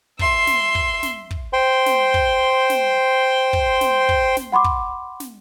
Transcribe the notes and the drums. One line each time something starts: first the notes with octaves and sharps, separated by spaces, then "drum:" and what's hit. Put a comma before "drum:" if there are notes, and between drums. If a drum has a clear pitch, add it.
E5 C6, drum: kick
drum: snare
drum: kick
drum: snare
drum: kick
C5 G5 C6
drum: snare
drum: kick
drum: snare
drum: kick
drum: snare
drum: kick
drum: snare
F#5 B5 C6 D6
drum: kick
drum: snare